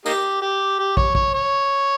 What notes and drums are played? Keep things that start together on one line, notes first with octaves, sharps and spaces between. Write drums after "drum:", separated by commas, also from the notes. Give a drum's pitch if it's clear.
A#3 D#4 G4, drum: tambourine
G4
G4
C#5, drum: kick
C#5, drum: kick
C#5